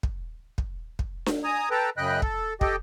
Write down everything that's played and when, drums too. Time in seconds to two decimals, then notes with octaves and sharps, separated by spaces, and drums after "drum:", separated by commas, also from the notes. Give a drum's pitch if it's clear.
0.03 drum: kick
0.58 drum: kick
0.99 drum: kick
1.26 drum: snare D4
1.44 G#5 A#5 D#6
1.71 A4 B4 G5 A5 A#5
1.97 F#2 C#3 D#5 G5 B5 F#6
2.22 A4, drum: kick
2.61 G4 A4 D#5 G5, drum: kick